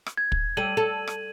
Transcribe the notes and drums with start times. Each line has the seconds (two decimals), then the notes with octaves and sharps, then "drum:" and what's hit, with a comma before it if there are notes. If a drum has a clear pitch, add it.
0.06 drum: rim click
0.17 G#6
0.32 drum: kick
0.57 G3 A4 D#7 F#7
0.77 A4
1.08 drum: rim click